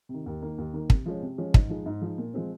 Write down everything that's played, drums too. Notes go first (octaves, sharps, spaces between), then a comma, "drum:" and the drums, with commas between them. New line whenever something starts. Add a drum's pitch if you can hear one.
C3
D#3
D#2
D#3 A#3
D#2
D#3 A#3
C3, drum: kick
F3 G#3 C#4
C3
F3 G#3 C#4
G#2, drum: kick
F3 G#3 D#4
G#2
F3 G#3 D#4
A#2
F3 G#3 C4